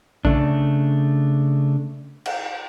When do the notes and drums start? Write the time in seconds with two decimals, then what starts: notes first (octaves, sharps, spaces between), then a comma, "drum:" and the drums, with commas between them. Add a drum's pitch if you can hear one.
0.25 C#3 A3 D4, drum: kick A#1
2.26 drum: cymbal